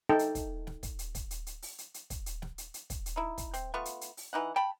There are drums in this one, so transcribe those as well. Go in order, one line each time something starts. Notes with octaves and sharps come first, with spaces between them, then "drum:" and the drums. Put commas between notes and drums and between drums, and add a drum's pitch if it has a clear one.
D#4 A4 G5 A5
drum: hi-hat
drum: kick, hi-hat
drum: snare
drum: kick, hi-hat
drum: hi-hat
drum: kick, hi-hat
drum: hi-hat
drum: hi-hat
drum: open hi-hat
drum: hi-hat
drum: hi-hat
drum: kick, hi-hat
drum: hi-hat
drum: snare
drum: hi-hat
drum: hi-hat
drum: kick, hi-hat
drum: hi-hat
D#4 E4
drum: kick, hi-hat
C4, drum: hi-hat
A3 B3 F4 C#6
drum: hi-hat
drum: hi-hat
drum: open hi-hat
E3 D#4 F#5
G5 A5 B5